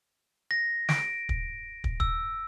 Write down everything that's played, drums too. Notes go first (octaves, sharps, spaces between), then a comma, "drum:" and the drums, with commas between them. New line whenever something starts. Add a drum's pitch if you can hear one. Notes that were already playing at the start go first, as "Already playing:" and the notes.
A#6
D7, drum: snare
drum: kick
drum: kick
E6, drum: kick